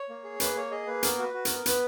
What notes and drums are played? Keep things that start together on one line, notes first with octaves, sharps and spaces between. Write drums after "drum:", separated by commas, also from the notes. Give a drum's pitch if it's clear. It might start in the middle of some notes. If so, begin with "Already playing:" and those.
Already playing: C#5
A#3
G#4
A#3 B4, drum: hi-hat
A#3 C#5
G#4 D#5
A#3 B4
B3 A#4, drum: hi-hat
F#4 B4
F#4
B3 A#4, drum: hi-hat
B3 B4, drum: hi-hat